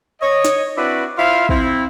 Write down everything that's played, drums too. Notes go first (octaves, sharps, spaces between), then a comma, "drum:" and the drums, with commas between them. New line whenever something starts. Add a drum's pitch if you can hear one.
C#5 D#5
drum: snare
C4 D4 E4 F#4 B4 D5
E4 F4 C5 E5 F5
C4 E4, drum: kick